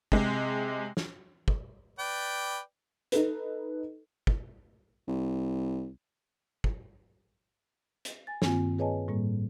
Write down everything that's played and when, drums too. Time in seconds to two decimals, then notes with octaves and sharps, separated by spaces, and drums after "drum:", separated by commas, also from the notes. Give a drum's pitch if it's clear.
0.12 C3 G#3, drum: kick
0.97 drum: snare
1.48 drum: kick
1.99 B4 D5 G5
3.12 D#4 A4 B4, drum: hi-hat
4.27 drum: kick
5.08 C2
6.64 drum: kick
8.05 drum: hi-hat
8.27 G#5 A6
8.42 G2 D#3 A#3 C4 F4 G#5, drum: snare
8.79 G#4 B4 C#5 D#5 G#5 A5
9.08 A2 G3 A#3